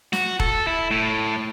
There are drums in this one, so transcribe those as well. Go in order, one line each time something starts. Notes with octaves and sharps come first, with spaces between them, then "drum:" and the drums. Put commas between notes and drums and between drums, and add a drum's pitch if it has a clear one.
F#4, drum: snare
A4, drum: kick D#1
E4
A2